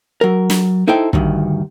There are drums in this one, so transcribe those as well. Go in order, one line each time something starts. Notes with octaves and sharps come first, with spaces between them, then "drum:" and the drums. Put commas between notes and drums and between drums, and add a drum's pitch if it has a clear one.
F#3 A#4
drum: snare
D#4 E4 A4 C5 G5
D2 G2 D#3, drum: kick